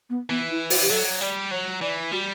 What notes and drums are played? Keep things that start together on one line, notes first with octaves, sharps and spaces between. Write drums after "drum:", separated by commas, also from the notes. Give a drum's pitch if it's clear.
B3
E3 B3
E4
F#4, drum: open hi-hat
G4
F#3 A4
G3 D5
F#3 C#5
E3 D5
G3 F#4